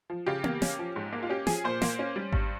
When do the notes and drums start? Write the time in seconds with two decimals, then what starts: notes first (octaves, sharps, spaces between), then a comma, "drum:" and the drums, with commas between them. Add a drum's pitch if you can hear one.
0.10 F3
0.26 C#3 G4
0.44 A#3, drum: tom B3
0.62 C#4, drum: snare
0.79 F3
0.96 G#2
1.13 A#3
1.23 F4
1.29 C#4 G4
1.47 F3 G#4, drum: snare
1.64 A#2 C5
1.82 A#3, drum: snare
1.99 C#4
2.16 G3
2.32 G2, drum: kick G#1